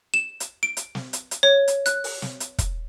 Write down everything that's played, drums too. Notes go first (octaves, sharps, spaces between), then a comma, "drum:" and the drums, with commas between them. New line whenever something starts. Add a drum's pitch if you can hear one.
E7
drum: hi-hat
D7
drum: hi-hat
drum: snare
drum: hi-hat
drum: hi-hat
C#5
drum: hi-hat
F#6, drum: hi-hat
drum: open hi-hat
drum: snare
drum: hi-hat
drum: kick, hi-hat